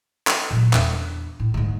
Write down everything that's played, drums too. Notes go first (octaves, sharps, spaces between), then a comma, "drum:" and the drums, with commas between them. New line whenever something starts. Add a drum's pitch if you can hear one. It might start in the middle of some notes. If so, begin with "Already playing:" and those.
drum: clap
A#2 F#3
E2 D4, drum: clap
A2
D2 G#2